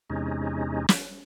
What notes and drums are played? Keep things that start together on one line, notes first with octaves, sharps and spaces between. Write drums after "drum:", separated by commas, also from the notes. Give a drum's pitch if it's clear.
E2 C3 G#3 C#4 D#4
drum: snare